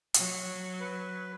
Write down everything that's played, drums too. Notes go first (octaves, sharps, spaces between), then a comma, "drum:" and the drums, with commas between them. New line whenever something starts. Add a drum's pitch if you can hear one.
F#3, drum: hi-hat
B4